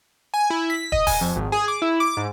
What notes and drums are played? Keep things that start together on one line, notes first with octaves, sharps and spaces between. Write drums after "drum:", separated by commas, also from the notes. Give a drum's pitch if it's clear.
G#5
E4
B6
D#5, drum: kick
G#5, drum: kick, open hi-hat
F2
G#1
G#4
D6
E4
D6
G#2